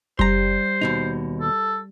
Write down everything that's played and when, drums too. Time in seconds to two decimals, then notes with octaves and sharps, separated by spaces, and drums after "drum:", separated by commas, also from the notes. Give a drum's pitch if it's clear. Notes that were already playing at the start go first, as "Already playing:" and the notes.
0.19 G3 C5 A#5 C6, drum: kick F#1
0.81 D#2 B2 D#4
1.41 A4